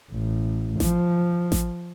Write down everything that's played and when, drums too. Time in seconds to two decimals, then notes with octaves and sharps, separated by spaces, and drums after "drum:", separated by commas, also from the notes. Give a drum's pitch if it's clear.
0.12 A1
0.80 F3, drum: snare A1
1.52 drum: snare A1